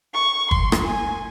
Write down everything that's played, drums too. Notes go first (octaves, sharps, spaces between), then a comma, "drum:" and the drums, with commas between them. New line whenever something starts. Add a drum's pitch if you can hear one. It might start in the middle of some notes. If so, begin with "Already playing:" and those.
C#6
C6, drum: kick
drum: rim click
G#5